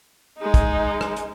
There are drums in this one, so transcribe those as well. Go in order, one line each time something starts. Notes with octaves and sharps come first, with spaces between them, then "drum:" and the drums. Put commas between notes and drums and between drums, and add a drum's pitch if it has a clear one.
G#3 D#4
drum: kick, hi-hat
drum: rim click
drum: hi-hat